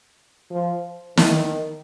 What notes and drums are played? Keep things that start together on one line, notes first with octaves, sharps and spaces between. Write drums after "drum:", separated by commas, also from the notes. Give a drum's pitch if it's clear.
F3
D#3, drum: snare